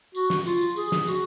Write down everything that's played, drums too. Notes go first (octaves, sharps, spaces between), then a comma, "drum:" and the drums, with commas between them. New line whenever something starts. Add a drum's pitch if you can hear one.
F#4, drum: tambourine
drum: snare
F4, drum: tambourine
drum: tambourine
G#4, drum: tambourine
drum: snare
F#4, drum: tambourine